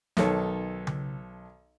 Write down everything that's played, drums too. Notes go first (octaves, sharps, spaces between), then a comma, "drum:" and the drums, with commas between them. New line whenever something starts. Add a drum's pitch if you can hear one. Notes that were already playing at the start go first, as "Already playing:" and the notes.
B1 D#3 A4 C#5, drum: snare
drum: tom C#3